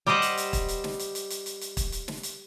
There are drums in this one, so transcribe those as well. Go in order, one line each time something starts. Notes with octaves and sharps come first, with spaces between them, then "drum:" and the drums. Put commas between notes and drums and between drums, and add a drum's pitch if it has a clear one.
G3 G4 C5 D#5 F#5
drum: hi-hat
drum: hi-hat
drum: kick, hi-hat
drum: hi-hat
drum: snare
drum: hi-hat
drum: hi-hat
drum: hi-hat
drum: hi-hat
drum: hi-hat
drum: kick, hi-hat
drum: hi-hat
drum: snare
drum: hi-hat